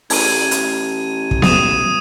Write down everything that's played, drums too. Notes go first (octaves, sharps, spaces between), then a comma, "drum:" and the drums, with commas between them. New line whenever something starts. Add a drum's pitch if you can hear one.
A1 G#6 D#7, drum: open hi-hat
drum: hi-hat
drum: kick
D#6 D#7 E7, drum: snare B3